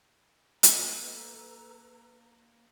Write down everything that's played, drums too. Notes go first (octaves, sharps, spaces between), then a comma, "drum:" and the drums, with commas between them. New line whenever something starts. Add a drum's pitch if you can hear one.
A#3 A4 B4 A#5, drum: hi-hat